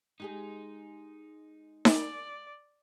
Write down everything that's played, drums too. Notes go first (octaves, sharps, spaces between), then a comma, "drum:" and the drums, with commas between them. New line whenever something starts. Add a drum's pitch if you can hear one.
G#3 D#4 G4 G#4
D5, drum: snare D#4